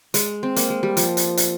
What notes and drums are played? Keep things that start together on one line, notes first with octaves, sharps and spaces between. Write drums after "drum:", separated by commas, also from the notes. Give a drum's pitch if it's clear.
G#3, drum: hi-hat
C4
A#3, drum: hi-hat
G#3
G3
F3, drum: hi-hat
drum: hi-hat
drum: hi-hat